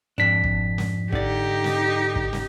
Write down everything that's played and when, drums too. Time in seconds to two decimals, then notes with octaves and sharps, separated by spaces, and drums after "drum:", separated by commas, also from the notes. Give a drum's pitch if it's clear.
0.18 F2 G#2 D4 B6
0.44 drum: kick
0.78 drum: snare
1.12 D3 D#4 G4 D5, drum: kick
1.64 drum: snare
2.16 drum: kick
2.33 drum: snare